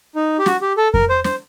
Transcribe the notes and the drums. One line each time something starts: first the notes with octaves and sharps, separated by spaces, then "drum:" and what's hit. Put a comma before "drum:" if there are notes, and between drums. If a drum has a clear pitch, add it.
D#4
G4
F#4, drum: snare
G4
A4
A#4, drum: kick F2
C5
C5, drum: snare